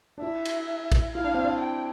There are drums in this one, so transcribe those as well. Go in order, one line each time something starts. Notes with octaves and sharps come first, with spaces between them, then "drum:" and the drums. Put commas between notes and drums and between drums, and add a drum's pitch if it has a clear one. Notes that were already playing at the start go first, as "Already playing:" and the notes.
D4
E4 E5
drum: cymbal
drum: kick, cymbal
E4 F5
D4
C4
D4
G5